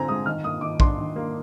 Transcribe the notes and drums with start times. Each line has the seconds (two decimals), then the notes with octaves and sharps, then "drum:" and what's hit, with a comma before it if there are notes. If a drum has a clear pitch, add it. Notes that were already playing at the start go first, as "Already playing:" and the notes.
Already playing: D3 C4 G#5 A#5
0.08 G#3 D#6
0.26 D#3 F6
0.44 A#3 D#6
0.61 D#3 D6
0.80 D4 C6, drum: kick A#1
0.98 D#3
1.16 A#3